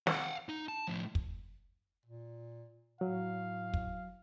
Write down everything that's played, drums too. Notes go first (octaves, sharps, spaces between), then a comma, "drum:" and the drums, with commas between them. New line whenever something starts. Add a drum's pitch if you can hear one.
F5 F#5, drum: snare
D#4
A5
A2 F3
drum: kick
A#2
A2 F#3 F5
drum: kick